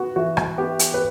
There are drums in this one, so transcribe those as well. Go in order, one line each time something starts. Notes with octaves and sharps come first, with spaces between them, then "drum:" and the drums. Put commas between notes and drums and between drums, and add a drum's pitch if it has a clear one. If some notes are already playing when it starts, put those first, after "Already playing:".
Already playing: B3 F#4
E3 F#4
drum: rim click
B3 G4
drum: hi-hat
B4